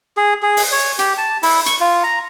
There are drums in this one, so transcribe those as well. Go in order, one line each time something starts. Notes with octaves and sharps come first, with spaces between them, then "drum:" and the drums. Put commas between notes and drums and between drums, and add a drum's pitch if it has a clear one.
G#4
G#4
drum: open hi-hat
C#5
G4, drum: hi-hat
A5
E4, drum: open hi-hat
C#6, drum: hi-hat
F4
A#5